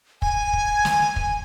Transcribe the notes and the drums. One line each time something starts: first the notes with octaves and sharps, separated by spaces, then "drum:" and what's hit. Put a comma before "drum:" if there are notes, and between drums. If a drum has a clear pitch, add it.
G#5, drum: kick
drum: kick
drum: snare
drum: kick